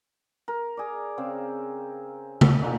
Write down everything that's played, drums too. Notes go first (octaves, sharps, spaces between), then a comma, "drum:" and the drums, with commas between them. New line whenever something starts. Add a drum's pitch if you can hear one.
A#4
G#4 D5
C#3 C4
drum: tom C#3
D3 D#4 F4 G#4